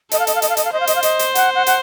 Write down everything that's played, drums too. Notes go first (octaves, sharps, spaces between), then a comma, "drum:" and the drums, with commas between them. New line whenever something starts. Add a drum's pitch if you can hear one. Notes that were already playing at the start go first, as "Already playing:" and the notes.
A4 D#5, drum: hi-hat
F5
D#5, drum: hi-hat
F5
D#5, drum: hi-hat
F5
D#5, drum: hi-hat
F5
C5 D#5
F5
D#5, drum: hi-hat
F5
D#5, drum: hi-hat
drum: hi-hat
F#5, drum: hi-hat
F#5
F#5, drum: hi-hat